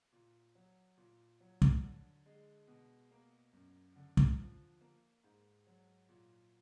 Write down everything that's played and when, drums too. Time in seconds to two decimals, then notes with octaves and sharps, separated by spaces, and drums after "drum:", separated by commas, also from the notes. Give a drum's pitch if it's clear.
0.12 A#2
0.55 F#3
0.97 A#2
1.40 F#3
1.62 drum: kick
1.83 D3
2.26 G#3
2.68 B2
3.11 A#3
3.53 F#2
3.96 D3
4.17 drum: kick
4.39 F3
4.81 A#3
5.24 G#2
5.67 F#3
6.09 A#2